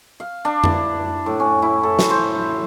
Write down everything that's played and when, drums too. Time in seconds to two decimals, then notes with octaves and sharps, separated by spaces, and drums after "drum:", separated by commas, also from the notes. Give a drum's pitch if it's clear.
0.20 F5
0.45 D4
0.64 E4, drum: tom F2
1.26 A2
1.40 C#4
1.62 E4
1.83 A4
1.99 drum: snare
2.10 C5